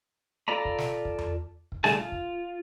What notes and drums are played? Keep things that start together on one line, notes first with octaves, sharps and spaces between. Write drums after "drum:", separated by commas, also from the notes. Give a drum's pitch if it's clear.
F4 A4 D5 A#5 B5
drum: kick
drum: snare
drum: kick
drum: tom E2
drum: kick
D3 G3 A3 G#4 A5, drum: snare
F4
drum: kick